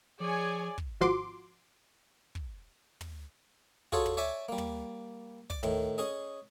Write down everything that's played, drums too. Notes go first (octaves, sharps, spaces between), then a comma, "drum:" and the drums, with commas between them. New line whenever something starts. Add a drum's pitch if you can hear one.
F3 G#4 C#5 D5 G#5
drum: kick
G#1 F3 F#4 C6 D6
drum: kick
drum: tom
F4 F#4 G#4 A4 C#5, drum: kick
drum: tom
C#5 D5 E5 G#5 D6
G3 A#3
drum: tom
D5 D6, drum: kick
A2 D#3, drum: tom
C#4 G#4 D#5